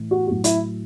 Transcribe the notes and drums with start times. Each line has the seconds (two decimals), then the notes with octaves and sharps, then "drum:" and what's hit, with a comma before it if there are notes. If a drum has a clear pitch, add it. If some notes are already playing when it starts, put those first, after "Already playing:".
Already playing: A2 E3
0.11 F#4
0.27 A2 F#3 F#4
0.44 E4, drum: hi-hat